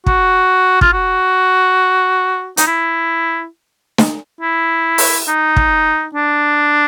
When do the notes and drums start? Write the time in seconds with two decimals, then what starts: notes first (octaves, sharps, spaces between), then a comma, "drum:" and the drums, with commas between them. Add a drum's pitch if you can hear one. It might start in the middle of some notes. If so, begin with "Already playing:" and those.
0.06 F#4, drum: kick
0.81 F4, drum: kick
0.93 F#4
2.57 D#4, drum: hi-hat
2.67 E4
3.98 drum: snare
4.41 E4
4.98 drum: open hi-hat
5.28 D#4
5.56 drum: kick
6.15 D4